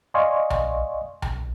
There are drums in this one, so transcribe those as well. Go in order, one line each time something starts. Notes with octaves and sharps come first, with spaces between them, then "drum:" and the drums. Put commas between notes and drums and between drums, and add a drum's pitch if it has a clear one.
D5 D#5 F5 G#5 C6 C#6
drum: tom B1
drum: tom B1